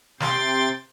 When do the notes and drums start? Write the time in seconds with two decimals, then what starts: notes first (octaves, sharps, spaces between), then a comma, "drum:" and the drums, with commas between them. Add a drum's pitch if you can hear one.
0.20 C3 G5 C6 A6, drum: snare